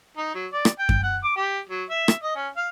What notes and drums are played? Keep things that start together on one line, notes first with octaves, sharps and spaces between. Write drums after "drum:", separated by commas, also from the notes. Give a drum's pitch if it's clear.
D#4
F#3
D5
drum: rim click
G5
drum: kick F#2
F#5
D6
G4
F#3
E5
drum: rim click
D#5
C#4
F5